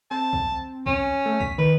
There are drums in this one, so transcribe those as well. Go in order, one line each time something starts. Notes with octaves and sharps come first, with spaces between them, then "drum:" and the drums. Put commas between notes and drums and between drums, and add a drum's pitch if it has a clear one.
C4 A5
drum: kick
C#4, drum: kick
A3
B6, drum: kick
D#3 B4